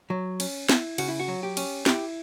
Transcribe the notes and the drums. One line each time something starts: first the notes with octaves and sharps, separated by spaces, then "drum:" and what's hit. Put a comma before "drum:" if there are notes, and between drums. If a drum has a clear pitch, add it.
F#3
C#4, drum: cymbal
E4, drum: snare
C#3 F#4, drum: cymbal
E4
F#4
F#3
G4
C#4, drum: cymbal
E4 G4, drum: snare